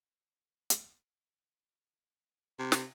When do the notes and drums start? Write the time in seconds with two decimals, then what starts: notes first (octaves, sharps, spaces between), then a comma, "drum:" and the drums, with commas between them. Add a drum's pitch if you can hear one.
0.70 drum: hi-hat
2.59 C3
2.72 drum: snare